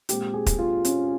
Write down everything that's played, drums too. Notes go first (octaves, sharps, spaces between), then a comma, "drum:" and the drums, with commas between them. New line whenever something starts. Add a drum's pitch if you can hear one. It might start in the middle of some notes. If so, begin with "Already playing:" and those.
A#2 G#3 C4 G4, drum: hi-hat
G#4
drum: kick, hi-hat
F4
C#4, drum: hi-hat